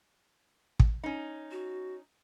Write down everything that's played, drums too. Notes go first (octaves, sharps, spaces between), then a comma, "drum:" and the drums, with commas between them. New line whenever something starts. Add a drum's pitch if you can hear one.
drum: kick
C#4 D#4
F#4